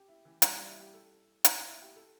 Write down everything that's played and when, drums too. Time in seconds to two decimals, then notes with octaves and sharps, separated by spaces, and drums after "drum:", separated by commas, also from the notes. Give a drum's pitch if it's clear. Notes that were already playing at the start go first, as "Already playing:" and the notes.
Already playing: G4
0.08 E4
0.25 E3
0.42 G3, drum: hi-hat
0.55 G3
0.68 E4
0.81 G4
0.93 A4
1.44 drum: hi-hat
1.67 E4
1.82 G4
1.96 A4